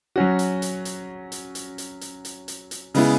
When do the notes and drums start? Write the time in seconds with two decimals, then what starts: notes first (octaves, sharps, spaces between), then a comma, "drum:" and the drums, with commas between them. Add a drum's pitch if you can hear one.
0.16 F#3 C#4 F#4
0.39 drum: hi-hat
0.62 drum: hi-hat
0.85 drum: hi-hat
1.32 drum: hi-hat
1.55 drum: hi-hat
1.78 drum: hi-hat
2.01 drum: hi-hat
2.25 drum: hi-hat
2.48 drum: hi-hat
2.71 drum: hi-hat
2.94 C#3 G#3 B3 E4, drum: open hi-hat